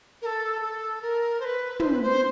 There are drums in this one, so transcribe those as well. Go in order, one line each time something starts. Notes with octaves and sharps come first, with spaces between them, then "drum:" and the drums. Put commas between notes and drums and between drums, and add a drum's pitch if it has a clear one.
A#4
A4
A4
A#4
C5
B4
C5, drum: tom
B4
C5